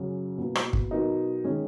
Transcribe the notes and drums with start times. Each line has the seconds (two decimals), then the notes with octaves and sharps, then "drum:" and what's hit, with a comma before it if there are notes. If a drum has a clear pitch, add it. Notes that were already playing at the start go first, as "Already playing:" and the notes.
Already playing: F#2 C#3 F#3 C#4
0.38 B2 A#3 E4
0.55 drum: rim click
0.73 drum: kick
0.91 B2 F#3 B3 D#4 A#4
1.44 D#3 G#3 C#4